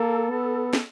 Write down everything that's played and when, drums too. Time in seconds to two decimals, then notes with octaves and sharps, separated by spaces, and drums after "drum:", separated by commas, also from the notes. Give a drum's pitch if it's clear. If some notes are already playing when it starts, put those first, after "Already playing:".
Already playing: A#3 A4
0.31 B3
0.73 drum: snare